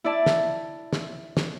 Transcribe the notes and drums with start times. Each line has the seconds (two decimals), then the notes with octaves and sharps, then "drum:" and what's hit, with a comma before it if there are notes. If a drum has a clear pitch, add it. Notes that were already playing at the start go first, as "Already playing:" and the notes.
0.04 E4 D5 A5
0.26 drum: snare
0.93 drum: snare
1.37 drum: snare